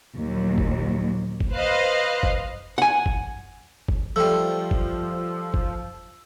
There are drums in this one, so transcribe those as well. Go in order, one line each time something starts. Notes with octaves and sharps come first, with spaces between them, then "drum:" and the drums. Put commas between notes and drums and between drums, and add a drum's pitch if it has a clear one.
A#1 D#2 F#3
drum: kick
drum: kick
B4 C5 D#5 F5 F#6
drum: kick
F#5 G#5
drum: kick
drum: kick
F3 G3 A3 E6
drum: kick
drum: kick